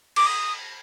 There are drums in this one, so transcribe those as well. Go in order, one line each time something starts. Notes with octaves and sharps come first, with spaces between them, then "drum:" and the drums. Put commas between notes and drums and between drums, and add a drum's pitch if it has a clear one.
D6, drum: cymbal
D#6